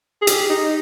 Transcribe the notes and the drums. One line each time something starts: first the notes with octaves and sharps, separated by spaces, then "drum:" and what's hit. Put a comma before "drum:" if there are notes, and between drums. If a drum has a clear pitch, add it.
G#4
G4, drum: hi-hat
D#4